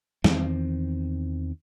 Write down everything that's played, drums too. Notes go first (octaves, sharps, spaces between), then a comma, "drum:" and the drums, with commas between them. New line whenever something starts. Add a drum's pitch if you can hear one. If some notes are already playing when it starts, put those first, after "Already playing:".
E2 D#3 C4, drum: snare